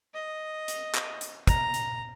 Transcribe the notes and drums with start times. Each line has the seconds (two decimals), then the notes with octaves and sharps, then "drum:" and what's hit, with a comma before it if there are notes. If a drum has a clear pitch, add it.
0.14 D#5
0.68 drum: hi-hat
0.95 drum: clap
1.21 drum: hi-hat
1.47 A#5, drum: kick, hi-hat
1.74 drum: hi-hat